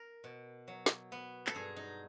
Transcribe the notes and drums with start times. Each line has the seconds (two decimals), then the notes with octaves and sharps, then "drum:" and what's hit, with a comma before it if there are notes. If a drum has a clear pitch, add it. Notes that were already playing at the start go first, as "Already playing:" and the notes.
Already playing: A#4
0.24 B2
0.68 F#3
0.86 drum: snare
1.12 B3
1.47 A4, drum: clap
1.55 G2 G#4
1.76 D#4